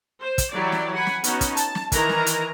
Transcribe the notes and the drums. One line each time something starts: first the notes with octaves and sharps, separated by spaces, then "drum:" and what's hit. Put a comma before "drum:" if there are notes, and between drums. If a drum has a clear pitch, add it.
C5
drum: kick, hi-hat
E3 F#3 E4 G4 D5
drum: snare
F#5 G#5 B5
drum: snare
B3 C#4 D#4 F#4, drum: hi-hat
drum: kick, hi-hat
A5, drum: hi-hat
drum: snare
D#3 E3 A#4 G#5 A#5, drum: kick, hi-hat
drum: snare
drum: hi-hat